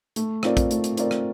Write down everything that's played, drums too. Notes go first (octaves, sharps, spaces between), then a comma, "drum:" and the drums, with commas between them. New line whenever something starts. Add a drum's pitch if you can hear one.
A3, drum: hi-hat
C4 F4 A#4 D5, drum: rim click
drum: kick, hi-hat
A3, drum: hi-hat
drum: hi-hat
C4 F4 A#4 D5, drum: hi-hat
drum: rim click